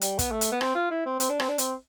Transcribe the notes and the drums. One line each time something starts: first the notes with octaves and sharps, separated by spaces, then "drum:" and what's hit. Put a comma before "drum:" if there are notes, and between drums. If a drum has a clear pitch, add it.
G3, drum: hi-hat
B3, drum: kick, hi-hat
A3
drum: hi-hat
B3
C4, drum: rim click
F4
E4
C4
C4, drum: hi-hat
D4
C4, drum: rim click
D4
C4, drum: hi-hat